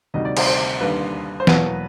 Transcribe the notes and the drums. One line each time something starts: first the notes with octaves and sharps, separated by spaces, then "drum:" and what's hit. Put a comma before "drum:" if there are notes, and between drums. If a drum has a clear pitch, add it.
D2 C3 D#3 G3 D#5
D5
C5, drum: cymbal
C5
D#2 D3 G3 A#3 B4
C5
E2 B2 F#3 A#3 B4, drum: snare